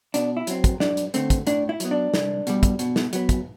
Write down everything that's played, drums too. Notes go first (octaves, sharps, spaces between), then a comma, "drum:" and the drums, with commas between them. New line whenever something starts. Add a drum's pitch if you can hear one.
B2 D4, drum: hi-hat
E4
F#3 C4, drum: hi-hat
drum: kick, hi-hat
F#2 D4, drum: snare
drum: hi-hat
D3 A3 C4, drum: hi-hat
drum: kick, hi-hat
A2 D4, drum: hi-hat
E4
F#3 B3, drum: hi-hat
D4
C2, drum: snare
B2 G3, drum: hi-hat
drum: kick, hi-hat
B2, drum: hi-hat
drum: snare
F#3 B3, drum: hi-hat
drum: kick, hi-hat